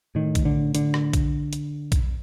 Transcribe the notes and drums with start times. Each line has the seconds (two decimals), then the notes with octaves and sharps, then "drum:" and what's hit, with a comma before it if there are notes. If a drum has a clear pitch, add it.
0.15 A2 D#3
0.35 drum: kick A#1, hi-hat
0.45 D3
0.75 D3, drum: hi-hat
0.94 drum: rim click
1.13 drum: kick A#1, hi-hat
1.53 drum: hi-hat
1.92 drum: kick A#1, hi-hat